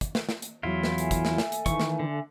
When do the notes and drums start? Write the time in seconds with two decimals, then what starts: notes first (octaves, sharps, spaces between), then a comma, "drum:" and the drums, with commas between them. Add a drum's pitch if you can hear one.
0.01 drum: kick, hi-hat
0.15 drum: snare
0.29 drum: snare
0.42 drum: hi-hat
0.63 E2 E3 F#3 E4 F4
0.83 drum: snare
0.98 A4 E5 G#5, drum: hi-hat
1.11 drum: kick, hi-hat
1.25 drum: snare
1.38 drum: snare
1.52 drum: hi-hat
1.66 D#3 E3 C#6, drum: kick, hi-hat
1.80 drum: snare
1.99 D3